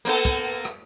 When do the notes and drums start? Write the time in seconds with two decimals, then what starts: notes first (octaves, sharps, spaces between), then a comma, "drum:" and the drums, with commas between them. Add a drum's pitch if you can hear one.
0.05 A#3 B3 A4
0.25 drum: kick
0.65 drum: rim click